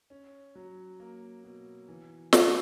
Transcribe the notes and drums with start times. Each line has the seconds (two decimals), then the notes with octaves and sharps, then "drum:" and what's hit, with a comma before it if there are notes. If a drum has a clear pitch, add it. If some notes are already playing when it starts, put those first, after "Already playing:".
0.10 C#4
0.55 F#3
1.00 A#3
1.44 B2
1.89 E3
2.33 A3, drum: snare